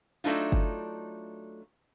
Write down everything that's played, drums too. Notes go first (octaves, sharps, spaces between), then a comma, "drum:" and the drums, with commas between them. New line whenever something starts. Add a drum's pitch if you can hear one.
F#3 A3 D4 D#4 F4
drum: kick F#1